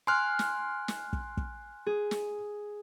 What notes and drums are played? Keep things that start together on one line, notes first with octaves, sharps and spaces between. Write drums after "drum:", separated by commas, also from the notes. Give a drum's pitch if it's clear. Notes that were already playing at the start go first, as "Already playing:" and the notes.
G#5 C6 F6 F#6
drum: snare
drum: snare
drum: kick
drum: kick
G#4
drum: snare